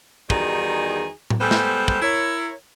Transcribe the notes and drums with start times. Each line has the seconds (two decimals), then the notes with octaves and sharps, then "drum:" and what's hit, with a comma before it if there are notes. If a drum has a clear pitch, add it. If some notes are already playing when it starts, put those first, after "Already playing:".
0.30 E2 D#3 G3 D#4 F#4 G#4, drum: kick
1.30 drum: tom A2
1.40 G3 G#3 B3 G#4 A4 C5
1.51 drum: snare
1.88 drum: kick
2.02 E4 A#4 C#5